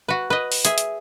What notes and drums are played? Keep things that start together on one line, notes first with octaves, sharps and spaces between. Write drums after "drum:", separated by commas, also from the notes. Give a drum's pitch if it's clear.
F#4 B4
B4 D#5
drum: open hi-hat
G#4 E5, drum: hi-hat
drum: hi-hat